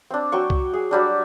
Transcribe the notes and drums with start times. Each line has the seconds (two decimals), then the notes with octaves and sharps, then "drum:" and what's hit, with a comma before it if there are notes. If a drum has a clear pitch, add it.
0.10 C4 D4
0.32 F#3 G5 C#6
0.50 drum: kick C2
0.73 G#4
0.91 F#3 G3 D4